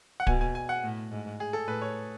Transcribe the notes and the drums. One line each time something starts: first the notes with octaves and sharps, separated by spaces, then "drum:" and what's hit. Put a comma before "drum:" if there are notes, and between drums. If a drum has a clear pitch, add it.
F#5
B2 G#5, drum: kick D1
G#5
G#5
F#5
A2
G#2
G#4
A4
A2 B4
C#5